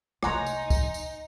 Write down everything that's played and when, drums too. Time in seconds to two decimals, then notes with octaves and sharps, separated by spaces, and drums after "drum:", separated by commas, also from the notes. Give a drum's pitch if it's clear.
0.23 C2 A#3 D#4 C#5 F#5 G#5 A#5 C6, drum: rim click
0.46 drum: tambourine
0.70 drum: kick, tambourine
0.94 drum: tambourine